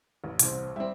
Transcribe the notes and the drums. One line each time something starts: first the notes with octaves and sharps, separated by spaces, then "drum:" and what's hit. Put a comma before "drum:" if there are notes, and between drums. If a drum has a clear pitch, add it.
A1
C2 C4, drum: hi-hat
G3 C4 E5